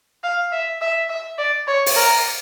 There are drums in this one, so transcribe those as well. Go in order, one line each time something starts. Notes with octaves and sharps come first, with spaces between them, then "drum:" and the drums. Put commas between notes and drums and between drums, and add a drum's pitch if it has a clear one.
F5
E5
E5
E5
D5
C#5
drum: open hi-hat
A#4